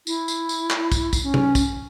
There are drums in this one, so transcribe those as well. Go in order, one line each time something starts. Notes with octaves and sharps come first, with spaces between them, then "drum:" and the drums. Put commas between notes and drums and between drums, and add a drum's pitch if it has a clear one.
E4, drum: tambourine
drum: tambourine
drum: tambourine
drum: clap
drum: kick, tambourine
drum: kick, tambourine
C#4
drum: tom C3
drum: kick, tambourine